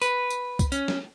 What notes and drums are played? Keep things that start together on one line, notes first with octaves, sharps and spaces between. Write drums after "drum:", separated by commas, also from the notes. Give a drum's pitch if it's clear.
B4, drum: tambourine
drum: tambourine
drum: kick C2, tambourine
C#4, drum: tambourine
drum: snare